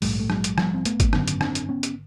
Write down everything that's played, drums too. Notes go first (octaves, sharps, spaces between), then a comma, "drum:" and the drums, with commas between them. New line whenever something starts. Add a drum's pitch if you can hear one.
A#1 G#2 G3 A3, drum: open hi-hat
A3
F#3 G#3, drum: rim click
drum: hi-hat
F3 G3, drum: rim click
C4
A3 B3, drum: hi-hat
drum: kick, hi-hat
G#1 F#2 D3 B3 C#4, drum: rim click
drum: hi-hat
C4 D4, drum: rim click
drum: hi-hat
B3 C#4
drum: hi-hat